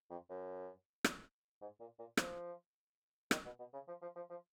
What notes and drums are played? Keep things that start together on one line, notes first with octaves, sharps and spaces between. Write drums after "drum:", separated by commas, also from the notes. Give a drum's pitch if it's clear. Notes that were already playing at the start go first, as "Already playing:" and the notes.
F2
F#2
drum: rim click
G#2
A#2
A#2
F3, drum: rim click
D#3, drum: rim click
B2
B2
C#3
F3
F3
F3
F3